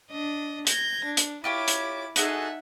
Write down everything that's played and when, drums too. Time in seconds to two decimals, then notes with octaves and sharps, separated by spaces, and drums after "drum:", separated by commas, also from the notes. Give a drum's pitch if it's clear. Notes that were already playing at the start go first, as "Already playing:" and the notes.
0.10 D4 D#5
0.67 G6 G#6 A#6, drum: hi-hat
1.05 D4
1.17 drum: hi-hat
1.44 E4 F4 G4 C#5 D6
1.68 drum: hi-hat
2.16 D#4 F#4 G#4 A4 E5 F#5, drum: hi-hat